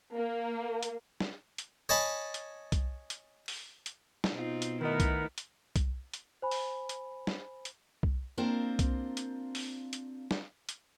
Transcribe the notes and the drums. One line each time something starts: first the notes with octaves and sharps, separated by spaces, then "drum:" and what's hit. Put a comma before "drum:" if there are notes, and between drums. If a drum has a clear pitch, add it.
A#3
drum: hi-hat
drum: snare
drum: hi-hat
C#5 D#5 G#5 A5 B5
drum: hi-hat
drum: kick C2, hi-hat
drum: hi-hat
drum: open hi-hat
drum: hi-hat
drum: snare
B2 C4 D#4 F4
drum: hi-hat
D#3 A3 B3 D#4 E4 A#4 D#5
drum: kick C2, hi-hat
drum: hi-hat
drum: kick C2, hi-hat
drum: hi-hat
C5 G#5 B5
drum: open hi-hat
drum: hi-hat
drum: snare
drum: hi-hat
drum: kick C2
A#3 C4 D4 F4 A#4 C5
drum: kick C2, hi-hat
drum: hi-hat
drum: open hi-hat
drum: hi-hat
drum: snare
drum: hi-hat